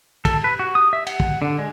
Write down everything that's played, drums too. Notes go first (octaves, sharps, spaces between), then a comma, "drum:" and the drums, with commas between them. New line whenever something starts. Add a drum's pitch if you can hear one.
A4, drum: kick, cymbal
B4
F#4
D#6
E5
F#5, drum: cymbal
drum: kick
D3
G#3